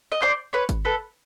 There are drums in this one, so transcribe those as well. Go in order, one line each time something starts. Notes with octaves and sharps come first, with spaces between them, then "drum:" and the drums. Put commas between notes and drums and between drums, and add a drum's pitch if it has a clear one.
D#5
C5 D5, drum: clap
B4 C#5
drum: kick G#1, hi-hat
A4 B4